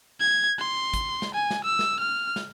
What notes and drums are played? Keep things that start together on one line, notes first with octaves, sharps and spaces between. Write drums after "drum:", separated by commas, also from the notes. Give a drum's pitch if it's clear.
G#6
C6
drum: kick, hi-hat
drum: snare
G#5
drum: snare
E6
drum: snare
F6
drum: snare